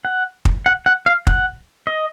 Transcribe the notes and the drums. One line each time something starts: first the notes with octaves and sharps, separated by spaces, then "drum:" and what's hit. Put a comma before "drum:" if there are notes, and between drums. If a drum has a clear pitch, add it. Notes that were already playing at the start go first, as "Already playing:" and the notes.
F#5
drum: kick
F#5
F#5
F5
F#5, drum: kick
D#5